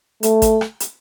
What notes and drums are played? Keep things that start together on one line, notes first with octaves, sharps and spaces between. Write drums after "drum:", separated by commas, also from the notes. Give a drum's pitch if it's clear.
A3, drum: hi-hat
drum: kick G#1, hi-hat
drum: rim click
drum: hi-hat